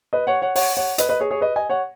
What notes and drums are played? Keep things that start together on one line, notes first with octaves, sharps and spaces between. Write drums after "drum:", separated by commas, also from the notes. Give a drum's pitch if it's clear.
B4 D#5
C#5 F#5
C#5 F#5
C#5 F#5, drum: open hi-hat
C#5 F#5
B4 D#5, drum: hi-hat
B4 D#5
G#4 C#5
G#4 C#5
B4 D#5
D#5 G#5
C#5 F#5